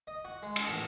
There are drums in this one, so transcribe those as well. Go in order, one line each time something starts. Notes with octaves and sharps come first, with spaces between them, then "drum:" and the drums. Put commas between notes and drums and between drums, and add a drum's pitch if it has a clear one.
D#5
F#4
G#3
D#5, drum: cymbal
A1